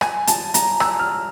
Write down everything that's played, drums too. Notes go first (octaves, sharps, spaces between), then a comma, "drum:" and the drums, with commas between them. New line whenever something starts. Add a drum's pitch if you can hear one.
G#5, drum: rim click
A5, drum: hi-hat
A#5, drum: hi-hat
E6, drum: rim click
F6